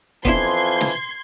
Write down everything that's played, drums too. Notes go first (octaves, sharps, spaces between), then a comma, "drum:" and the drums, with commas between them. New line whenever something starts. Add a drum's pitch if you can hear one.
F2 E3 F3 B3 D4 E4 C6 G#6, drum: kick
drum: snare